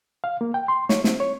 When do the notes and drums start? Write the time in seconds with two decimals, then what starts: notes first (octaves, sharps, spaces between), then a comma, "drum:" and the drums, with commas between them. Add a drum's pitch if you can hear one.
0.24 F5
0.41 A#3
0.54 G5
0.68 C6
0.89 C#5, drum: snare
1.04 C4, drum: snare
1.20 C#5